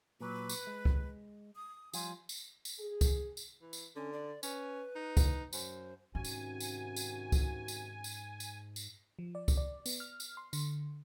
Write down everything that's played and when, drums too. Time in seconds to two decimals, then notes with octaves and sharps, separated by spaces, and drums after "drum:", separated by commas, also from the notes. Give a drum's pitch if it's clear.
0.21 A#2 F#3 B4
0.49 drum: tambourine
0.67 G#3
0.85 drum: kick C#2
1.56 D#6
1.93 F3 G3 F4 G#5, drum: tambourine
2.29 drum: tambourine
2.65 drum: tambourine
2.79 G#4
3.01 drum: kick C#2, tambourine
3.37 drum: tambourine
3.62 E3
3.73 drum: tambourine
3.96 D3 C#4
4.13 D5
4.43 C#4 B4, drum: tambourine
4.96 D#4
5.17 drum: kick C#2, tambourine
5.53 F#2 C5, drum: tambourine
6.15 G#2 C3 D#3 C#4 F#4 G#5
6.25 drum: tambourine
6.60 drum: tambourine
6.96 drum: tambourine
7.32 drum: kick C#2, tambourine
7.68 drum: tambourine
8.04 drum: tambourine
8.40 drum: tambourine
8.76 drum: tambourine
9.19 F3
9.35 D5
9.48 drum: kick C#2, tambourine
9.57 D5
9.86 B3, drum: tambourine
10.00 F6
10.20 drum: tambourine
10.37 C6
10.53 D3, drum: tambourine